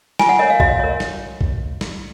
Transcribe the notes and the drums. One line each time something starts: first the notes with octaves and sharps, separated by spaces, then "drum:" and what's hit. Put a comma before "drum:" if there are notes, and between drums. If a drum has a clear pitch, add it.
F4 G#5, drum: snare
F#5
A#4 C#5 D#5
F5
F#4 D#5, drum: kick A#1
A#4 C#5 D#5
drum: snare
drum: kick A#1
drum: snare